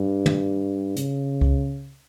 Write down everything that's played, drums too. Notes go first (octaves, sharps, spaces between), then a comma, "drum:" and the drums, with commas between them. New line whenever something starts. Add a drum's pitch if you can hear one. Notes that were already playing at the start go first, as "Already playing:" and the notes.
Already playing: G2
drum: tom
C#3, drum: hi-hat
drum: kick C#2